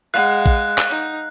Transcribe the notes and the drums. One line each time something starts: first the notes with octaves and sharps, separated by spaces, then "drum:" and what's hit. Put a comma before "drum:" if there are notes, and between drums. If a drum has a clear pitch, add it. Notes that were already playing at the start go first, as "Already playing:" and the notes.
G#3 F5 F#5 F#6
drum: kick A#1
drum: clap
D#4